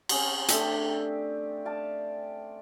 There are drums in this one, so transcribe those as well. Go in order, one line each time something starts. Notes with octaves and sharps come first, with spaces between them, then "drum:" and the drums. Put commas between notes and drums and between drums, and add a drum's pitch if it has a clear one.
C4 C#4 G#4, drum: cymbal
A3 C4 D4 G4, drum: hi-hat
D5 F5 A5